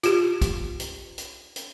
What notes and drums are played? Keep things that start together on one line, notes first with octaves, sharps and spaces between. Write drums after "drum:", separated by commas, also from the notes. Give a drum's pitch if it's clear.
F4 G4, drum: hi-hat
drum: kick, hi-hat
drum: hi-hat
drum: hi-hat
drum: hi-hat